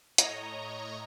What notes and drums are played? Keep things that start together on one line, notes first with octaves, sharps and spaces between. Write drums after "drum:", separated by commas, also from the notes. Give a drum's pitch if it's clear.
A2 C#5 D#5 A#5, drum: hi-hat